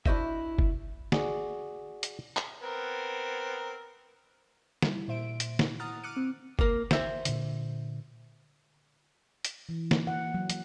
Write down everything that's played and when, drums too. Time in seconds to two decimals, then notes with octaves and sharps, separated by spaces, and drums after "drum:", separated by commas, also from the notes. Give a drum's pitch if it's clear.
0.06 D4 E4 F#4 C5 D#5 E5, drum: kick F#1
0.59 drum: kick F#1
1.12 F#4 G#4 D5, drum: snare
2.03 drum: hi-hat
2.37 drum: clap
2.62 B3 C4 A#4
4.82 G3 E4, drum: snare
5.08 A#2 C5 E5 D7
5.40 drum: hi-hat
5.59 E4, drum: snare
5.80 F#5 A#5 D#6 F6 A6
6.03 D6 F6 F#6 C#7 D#7
6.16 C4
6.59 A#3 A#4, drum: kick F#1
6.91 C5 E5, drum: snare
7.25 A#2 D3, drum: hi-hat
9.45 drum: hi-hat
9.69 E3
9.91 A#3, drum: snare
10.07 F#5
10.34 F#3
10.50 F#3, drum: hi-hat